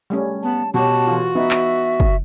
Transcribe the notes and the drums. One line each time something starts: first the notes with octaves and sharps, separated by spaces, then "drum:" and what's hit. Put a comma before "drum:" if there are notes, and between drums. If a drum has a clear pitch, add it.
G3 A3 C#4
B3 A5
B2 F#4 G4 C#5 A5
E3 F4
B3 D#4 E5
drum: clap
drum: kick